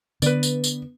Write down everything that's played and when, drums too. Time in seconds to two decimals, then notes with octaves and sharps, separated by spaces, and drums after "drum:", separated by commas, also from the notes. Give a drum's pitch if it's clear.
0.22 D3 B3 B4 D5, drum: tambourine
0.43 drum: tambourine
0.64 drum: tambourine